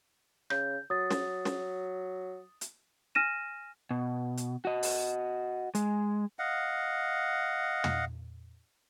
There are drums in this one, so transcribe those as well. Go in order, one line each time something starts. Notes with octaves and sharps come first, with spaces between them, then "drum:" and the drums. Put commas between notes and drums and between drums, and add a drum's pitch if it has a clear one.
C#3 G6, drum: rim click
F#3 D#6 A6
drum: snare
drum: snare
drum: hi-hat
G#5 F6 A#6 D#7 E7
B2
drum: hi-hat
F#4 D#5
drum: open hi-hat
G#3, drum: hi-hat
D#5 F5 F#5
drum: tom